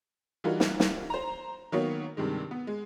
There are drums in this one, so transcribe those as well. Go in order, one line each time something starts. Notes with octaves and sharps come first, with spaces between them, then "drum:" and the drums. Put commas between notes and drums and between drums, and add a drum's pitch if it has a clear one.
E3 G3 D#4 F4 F#4 A#4
drum: snare
drum: snare
C5 A#5
D#3 F#3 A#3 B3 C#5
G2 C3 D#3 G#3
B3
G#3